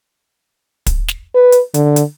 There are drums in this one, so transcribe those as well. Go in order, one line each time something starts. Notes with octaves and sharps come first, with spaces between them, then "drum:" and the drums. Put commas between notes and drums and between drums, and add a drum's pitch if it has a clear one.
drum: kick, hi-hat
drum: snare
B4
drum: hi-hat
D3, drum: hi-hat
drum: hi-hat